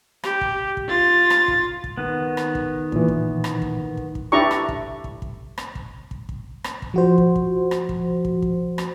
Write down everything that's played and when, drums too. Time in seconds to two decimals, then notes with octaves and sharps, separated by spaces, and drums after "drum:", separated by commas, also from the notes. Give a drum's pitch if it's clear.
0.24 G4, drum: rim click
0.41 drum: kick
0.77 drum: kick
0.87 F4 A6
1.30 drum: rim click
1.48 drum: kick
1.84 drum: kick
1.98 D#3 B3
2.37 drum: rim click
2.55 drum: kick
2.92 A#2 E3, drum: kick
3.08 drum: kick
3.44 drum: rim click
3.62 drum: kick
3.97 drum: kick
4.15 drum: kick
4.32 D4 E4 G4 D5 A#5 C#6
4.51 drum: rim click
4.69 drum: kick
5.04 drum: kick
5.22 drum: kick
5.58 drum: rim click
5.75 drum: kick
6.11 drum: kick
6.29 drum: kick
6.64 drum: rim click
6.82 drum: kick
6.94 F3 F#4 C5
7.18 drum: kick
7.36 drum: kick
7.71 drum: rim click
7.89 drum: kick
8.25 drum: kick
8.42 drum: kick
8.78 drum: rim click